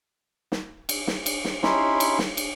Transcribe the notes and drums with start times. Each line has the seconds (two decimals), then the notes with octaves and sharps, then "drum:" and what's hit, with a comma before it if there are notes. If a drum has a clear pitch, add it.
0.52 drum: snare
0.89 drum: cymbal
1.07 drum: snare
1.26 drum: cymbal
1.45 drum: snare
1.63 C#4 D#4 E4 G4 B5 C6, drum: snare
2.00 drum: cymbal
2.19 drum: snare
2.37 drum: cymbal